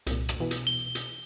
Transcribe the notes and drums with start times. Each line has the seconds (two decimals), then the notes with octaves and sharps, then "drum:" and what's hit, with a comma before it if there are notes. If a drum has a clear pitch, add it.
0.06 C2 A#2, drum: hi-hat
0.29 drum: rim click
0.40 B2 E3
0.51 drum: hi-hat
0.67 G7
0.95 drum: hi-hat